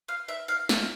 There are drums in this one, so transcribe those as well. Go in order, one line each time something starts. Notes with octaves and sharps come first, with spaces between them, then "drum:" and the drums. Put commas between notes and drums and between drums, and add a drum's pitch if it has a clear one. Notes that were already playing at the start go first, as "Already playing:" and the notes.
F5
E5
F5
E5, drum: snare